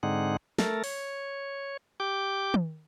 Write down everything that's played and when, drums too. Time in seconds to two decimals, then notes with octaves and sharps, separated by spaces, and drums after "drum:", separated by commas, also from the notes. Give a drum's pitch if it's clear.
0.03 G#2 D3 G#3 C4 D#4 F#5
0.59 A3 A4 A#4, drum: snare
0.84 C#5, drum: open hi-hat
2.00 G4 G5 D6
2.54 drum: tom